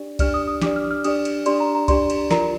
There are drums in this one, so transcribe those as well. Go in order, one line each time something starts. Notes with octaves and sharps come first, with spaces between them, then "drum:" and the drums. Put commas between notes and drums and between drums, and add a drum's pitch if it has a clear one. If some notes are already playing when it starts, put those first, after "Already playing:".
Already playing: D4 G4 D5
D4 G4 D5 F6, drum: kick C2, cymbal
D#6
D#6
D4 G4 D5 D6, drum: snare
F6
F6
D4 G4 D5 D#6, drum: cymbal
drum: cymbal
D4 G4 D5 C6, drum: cymbal
A#5
A#5
D4 G4 D5 C6, drum: kick C2, cymbal
drum: cymbal
F4 A#4 D5 A#5, drum: snare